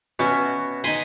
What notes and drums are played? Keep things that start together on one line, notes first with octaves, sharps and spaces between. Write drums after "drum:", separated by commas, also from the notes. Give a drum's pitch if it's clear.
B2 C#4 F#4 E5
D#4 G#5 B5 C6, drum: cymbal